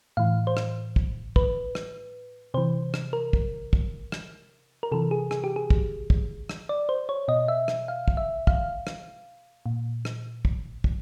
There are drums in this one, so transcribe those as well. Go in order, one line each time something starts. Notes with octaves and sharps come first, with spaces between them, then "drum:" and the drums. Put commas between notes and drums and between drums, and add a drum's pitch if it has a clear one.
A2 E3 F5
C5
drum: rim click
drum: kick
B4, drum: kick
drum: rim click
C3 E3 C5
drum: rim click
A#4
drum: kick
drum: kick
drum: rim click
A#4
C3 E3 A4
G#4
G#4, drum: rim click
G4
G#4
drum: kick
drum: kick
drum: rim click
D5
C5
C#5
B2 D#5
E5
drum: rim click
F5
drum: kick
E5
F5, drum: kick
drum: rim click
A#2
drum: rim click
drum: kick
drum: kick